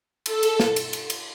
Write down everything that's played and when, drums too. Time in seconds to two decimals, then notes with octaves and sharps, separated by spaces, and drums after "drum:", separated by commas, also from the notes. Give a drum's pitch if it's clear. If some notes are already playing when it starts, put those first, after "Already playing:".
0.26 A4, drum: cymbal
0.43 drum: cymbal
0.60 drum: snare
0.76 drum: cymbal
0.93 drum: cymbal
1.10 drum: cymbal